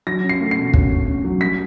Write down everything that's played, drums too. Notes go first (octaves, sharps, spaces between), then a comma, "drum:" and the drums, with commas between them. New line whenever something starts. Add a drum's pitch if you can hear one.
F#3 A#6
C#4
C7
A3
C7
B2
C#4, drum: kick
C#4
C#4
F#3
G3 B6